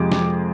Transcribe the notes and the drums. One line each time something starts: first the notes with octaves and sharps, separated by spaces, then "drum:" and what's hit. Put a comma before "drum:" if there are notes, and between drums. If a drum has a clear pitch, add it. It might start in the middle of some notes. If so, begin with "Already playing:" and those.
Already playing: F2 C3 F3 G#3 D6
drum: snare